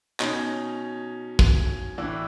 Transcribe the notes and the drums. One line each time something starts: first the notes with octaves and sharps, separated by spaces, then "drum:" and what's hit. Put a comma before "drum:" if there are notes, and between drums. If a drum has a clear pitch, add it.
B2 C#4 D#4, drum: clap
drum: kick
A2 E3 D4 E4